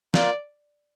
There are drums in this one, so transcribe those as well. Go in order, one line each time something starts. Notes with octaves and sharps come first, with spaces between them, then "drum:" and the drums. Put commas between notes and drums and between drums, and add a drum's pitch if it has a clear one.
A#3 F4 A#4 D5, drum: snare